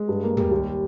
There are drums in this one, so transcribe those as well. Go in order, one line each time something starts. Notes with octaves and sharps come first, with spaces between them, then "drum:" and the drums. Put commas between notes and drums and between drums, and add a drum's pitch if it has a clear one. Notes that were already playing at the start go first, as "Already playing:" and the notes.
Already playing: G#3
G2
A#3
G3, drum: tom
D#2